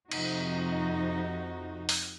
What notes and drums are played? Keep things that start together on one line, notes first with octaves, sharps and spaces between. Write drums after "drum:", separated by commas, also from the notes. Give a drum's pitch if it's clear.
F2 C3 D#4 F#4, drum: cymbal
drum: open hi-hat